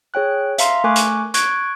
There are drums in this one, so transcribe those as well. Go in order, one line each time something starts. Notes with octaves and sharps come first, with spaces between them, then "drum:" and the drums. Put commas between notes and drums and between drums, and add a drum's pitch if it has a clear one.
G#4 C#5 G5 F#6
E5 F5 A#5 C6, drum: hi-hat
A3 A#4 G#5 C#6 D6 F#6
drum: hi-hat
C#6 F#6 G#6 D7, drum: hi-hat